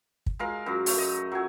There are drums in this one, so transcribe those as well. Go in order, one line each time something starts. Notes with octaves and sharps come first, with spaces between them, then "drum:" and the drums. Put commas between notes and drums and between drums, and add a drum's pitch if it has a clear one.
drum: kick
G#3 A#4 F5
F#2
A3, drum: open hi-hat
D#5
F#3 G#5